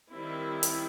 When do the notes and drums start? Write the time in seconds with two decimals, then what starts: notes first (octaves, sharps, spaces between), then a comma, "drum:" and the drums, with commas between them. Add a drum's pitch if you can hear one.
0.12 D#3 G3 C4 E4
0.63 drum: hi-hat